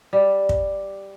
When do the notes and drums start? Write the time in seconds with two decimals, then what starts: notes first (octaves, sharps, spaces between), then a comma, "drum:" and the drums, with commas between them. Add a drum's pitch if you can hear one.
0.13 G3
0.49 drum: kick